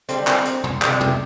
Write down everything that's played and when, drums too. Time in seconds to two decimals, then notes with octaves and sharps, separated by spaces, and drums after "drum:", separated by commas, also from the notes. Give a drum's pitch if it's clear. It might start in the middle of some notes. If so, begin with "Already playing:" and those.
0.09 D3 G3 C4, drum: hi-hat
0.27 C4, drum: clap
0.45 drum: hi-hat
0.64 drum: tom
0.82 C3 E3 G3, drum: clap
1.00 drum: tom